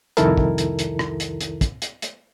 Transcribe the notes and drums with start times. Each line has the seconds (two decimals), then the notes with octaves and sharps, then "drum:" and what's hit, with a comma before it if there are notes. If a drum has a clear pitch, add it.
0.17 C2 F2 D#3 E4 A4 A#4, drum: hi-hat
0.38 drum: kick
0.58 drum: hi-hat
0.79 drum: hi-hat
0.99 drum: rim click
1.20 drum: hi-hat
1.41 drum: hi-hat
1.61 drum: kick, hi-hat
1.82 drum: hi-hat
2.02 drum: hi-hat